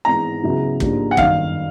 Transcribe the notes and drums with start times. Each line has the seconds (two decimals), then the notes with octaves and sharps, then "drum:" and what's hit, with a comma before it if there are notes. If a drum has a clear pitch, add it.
0.05 G#1 G#2 E3 G#3 B3 A#5
0.43 C#2 C#3 F#3 B3 E4
0.80 G#2 F3 A#3 D4 G4, drum: kick
1.11 F#5
1.17 G1 F#2 D#3 F5, drum: kick